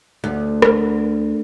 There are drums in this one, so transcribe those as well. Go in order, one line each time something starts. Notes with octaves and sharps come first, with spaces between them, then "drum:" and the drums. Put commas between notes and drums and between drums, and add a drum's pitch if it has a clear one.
D2
drum: rim click